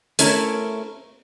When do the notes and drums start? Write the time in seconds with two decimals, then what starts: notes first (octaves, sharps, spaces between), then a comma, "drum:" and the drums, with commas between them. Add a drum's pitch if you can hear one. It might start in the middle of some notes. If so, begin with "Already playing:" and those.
0.19 A3 C#4 E4 A#4, drum: hi-hat